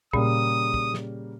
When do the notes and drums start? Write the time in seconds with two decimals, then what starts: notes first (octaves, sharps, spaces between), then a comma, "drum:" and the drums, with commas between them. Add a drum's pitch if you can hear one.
0.13 A#2 C#3 G3 A#3 D#6, drum: kick
0.74 drum: kick
0.94 drum: snare